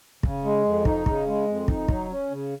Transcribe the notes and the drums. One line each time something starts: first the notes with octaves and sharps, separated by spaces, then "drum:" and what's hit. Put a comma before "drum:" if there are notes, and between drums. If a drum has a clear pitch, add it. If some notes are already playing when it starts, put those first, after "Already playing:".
C#3, drum: kick
G#3
F2
D#4, drum: kick
C#3, drum: kick
G#3
F2
D#4, drum: kick
F#3, drum: kick
C#4
C#3